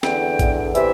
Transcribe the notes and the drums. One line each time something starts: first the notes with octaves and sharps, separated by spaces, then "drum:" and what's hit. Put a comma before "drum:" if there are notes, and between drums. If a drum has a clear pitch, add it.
E2 D3 G5, drum: snare
E2 D3, drum: kick A1, hi-hat
C3 E3 E5, drum: hi-hat